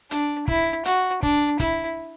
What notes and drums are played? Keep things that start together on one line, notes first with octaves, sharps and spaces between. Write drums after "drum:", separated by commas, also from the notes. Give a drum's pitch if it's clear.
D4, drum: hi-hat
E4, drum: kick
F#4, drum: hi-hat
D4, drum: kick
E4, drum: kick, hi-hat